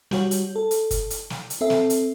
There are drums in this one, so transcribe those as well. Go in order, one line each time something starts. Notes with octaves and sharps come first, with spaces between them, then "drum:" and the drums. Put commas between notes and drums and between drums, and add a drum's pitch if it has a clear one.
G3 F#4 C#5, drum: snare
drum: hi-hat
A4
drum: hi-hat
drum: kick, hi-hat
drum: hi-hat
drum: snare
drum: hi-hat
C4 A4 E5
drum: snare
drum: hi-hat